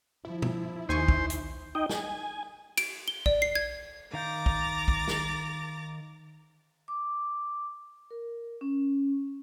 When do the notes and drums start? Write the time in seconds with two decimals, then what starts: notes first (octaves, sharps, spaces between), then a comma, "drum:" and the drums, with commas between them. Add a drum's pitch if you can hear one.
0.25 F3 E4
0.42 drum: tom B2
0.89 D#2 D#4 C5 G#5 C#6
1.08 drum: kick
1.30 drum: hi-hat
1.75 D#4 D#5 G5
1.90 G#5, drum: snare
2.78 D7, drum: cymbal
3.08 G7
3.26 D5, drum: kick
3.42 C7
3.55 G#6
4.14 D#3 F5 A#5 D6 G6 A6
4.46 drum: kick
4.88 drum: kick
5.08 drum: snare
6.88 D6
8.11 A#4
8.61 C#4